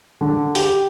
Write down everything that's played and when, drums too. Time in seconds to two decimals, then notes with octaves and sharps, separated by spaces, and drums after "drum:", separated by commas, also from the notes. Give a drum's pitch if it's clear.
0.21 D3
0.55 G4, drum: open hi-hat